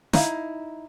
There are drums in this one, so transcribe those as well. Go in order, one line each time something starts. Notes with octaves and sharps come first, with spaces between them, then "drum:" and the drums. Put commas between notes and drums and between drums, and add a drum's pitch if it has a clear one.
D#4 E4 F5, drum: snare